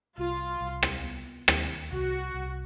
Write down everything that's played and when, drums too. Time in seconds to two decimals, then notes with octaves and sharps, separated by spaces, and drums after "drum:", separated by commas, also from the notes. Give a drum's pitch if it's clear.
0.18 C2 F4
0.61 C2
0.83 drum: rim click
1.04 B3
1.48 D#2, drum: rim click
1.91 C2 F#4
2.34 C2